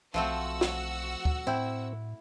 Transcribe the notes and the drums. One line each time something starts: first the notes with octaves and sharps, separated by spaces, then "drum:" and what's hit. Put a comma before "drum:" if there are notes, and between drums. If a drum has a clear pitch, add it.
B1 F3 A3 C4 F#4 F#5 E6
drum: snare
drum: kick D2
A2 C4 E4 G5